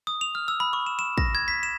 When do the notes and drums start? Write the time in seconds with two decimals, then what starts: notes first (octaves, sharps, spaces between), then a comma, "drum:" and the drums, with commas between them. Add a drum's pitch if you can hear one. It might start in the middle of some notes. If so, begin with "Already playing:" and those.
0.07 D#6
0.21 F7
0.35 F6
0.48 E6
0.60 B5
0.73 C#6
0.86 E7
0.99 E7
1.18 A#6, drum: kick
1.35 G#6
1.48 B6
1.63 E7